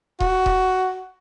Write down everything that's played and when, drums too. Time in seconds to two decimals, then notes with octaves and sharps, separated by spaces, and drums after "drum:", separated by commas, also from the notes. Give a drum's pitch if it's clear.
0.20 F#4, drum: kick D#1
0.46 drum: kick D#1